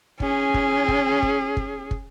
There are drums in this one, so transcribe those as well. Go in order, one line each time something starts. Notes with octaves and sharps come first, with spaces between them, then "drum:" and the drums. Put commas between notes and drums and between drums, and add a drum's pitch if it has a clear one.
C#4 G#4, drum: kick
drum: kick
drum: kick
drum: kick
drum: kick
drum: kick